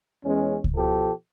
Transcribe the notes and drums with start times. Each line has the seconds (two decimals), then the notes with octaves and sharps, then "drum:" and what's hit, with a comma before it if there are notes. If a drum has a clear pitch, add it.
0.25 E2 G#3 C#4
0.64 drum: kick C#2
0.76 B2 F3 G4 A4